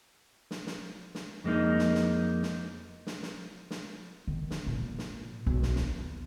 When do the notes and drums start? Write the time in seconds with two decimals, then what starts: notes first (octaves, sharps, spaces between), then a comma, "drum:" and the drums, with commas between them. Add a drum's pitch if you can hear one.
0.51 drum: snare
0.67 drum: snare
1.15 drum: snare
1.44 F2 G#3 A#3 D#4
1.79 drum: snare
1.95 drum: snare
2.43 drum: snare
3.07 drum: snare
3.23 drum: snare
3.71 drum: snare
4.27 D#3
4.51 drum: snare
4.67 A#2
4.99 drum: snare
5.46 B1
5.62 drum: snare
5.76 D#2, drum: snare